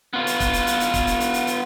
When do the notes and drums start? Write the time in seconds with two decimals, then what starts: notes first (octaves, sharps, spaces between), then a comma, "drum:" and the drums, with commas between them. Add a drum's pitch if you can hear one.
0.13 B3 F4
0.27 drum: hi-hat
0.40 drum: kick, hi-hat
0.54 drum: hi-hat
0.67 drum: hi-hat
0.80 drum: hi-hat
0.94 drum: kick, hi-hat
1.07 drum: hi-hat
1.20 drum: hi-hat
1.34 drum: hi-hat
1.47 drum: hi-hat